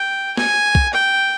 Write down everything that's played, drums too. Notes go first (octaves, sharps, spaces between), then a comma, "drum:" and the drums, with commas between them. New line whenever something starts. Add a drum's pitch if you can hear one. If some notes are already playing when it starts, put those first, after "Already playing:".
Already playing: G5
G#5, drum: snare
drum: kick
G5